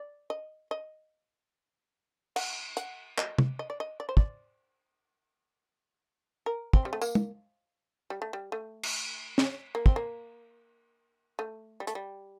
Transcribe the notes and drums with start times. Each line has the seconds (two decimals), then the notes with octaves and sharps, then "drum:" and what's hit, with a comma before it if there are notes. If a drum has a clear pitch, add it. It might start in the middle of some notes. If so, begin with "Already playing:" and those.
Already playing: D5
0.30 D#5
0.71 D#5
2.36 F#5, drum: cymbal
2.77 F#5, drum: hi-hat
3.18 D#5, drum: clap
3.38 drum: tom
3.59 D#5
3.70 D5
3.80 D#5
4.00 D5
4.09 C5
4.17 D5, drum: kick
6.46 A#4
6.73 C4, drum: kick
6.85 G3
6.93 A3
7.01 A#3, drum: tambourine
7.15 drum: tom
8.10 G3
8.22 A3
8.33 G3
8.52 A3
8.83 drum: cymbal
9.38 drum: snare
9.75 A#3
9.86 C4, drum: kick
9.96 A#3
11.39 A3
11.80 G3
11.87 A3, drum: hi-hat
11.95 G3